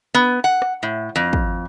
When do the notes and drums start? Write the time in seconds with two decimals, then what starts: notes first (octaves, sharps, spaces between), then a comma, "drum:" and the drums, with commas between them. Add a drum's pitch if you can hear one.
0.14 B3
0.44 F#5
0.62 drum: rim click
0.83 A2
1.16 F2
1.33 drum: kick